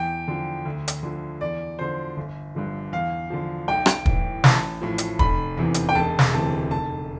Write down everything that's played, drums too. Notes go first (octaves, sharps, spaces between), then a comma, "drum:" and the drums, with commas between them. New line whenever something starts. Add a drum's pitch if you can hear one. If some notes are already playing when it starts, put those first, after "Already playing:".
Already playing: E2 G5
D3 F3
D2
drum: hi-hat
D3 F3
E2 D5
D3 F3 C5
G1
G2 D3 F3
E2 F5
D3 F3
B1 G5
drum: rim click
A2 E3, drum: kick
A1 A5, drum: snare
A2 F3
drum: hi-hat
F1 B5, drum: kick
E2 C3 E3
drum: hi-hat
G5
E1 A5
drum: snare
D2 C3 E3 A5
F1 A5